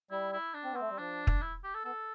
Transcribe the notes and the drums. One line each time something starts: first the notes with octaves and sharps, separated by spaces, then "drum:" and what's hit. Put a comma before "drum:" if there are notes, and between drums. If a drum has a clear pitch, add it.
G3 E4
E4
D4
C4
B3
C4
A3
G3
F3 D4
drum: kick
E4
G4
A4
B3 A4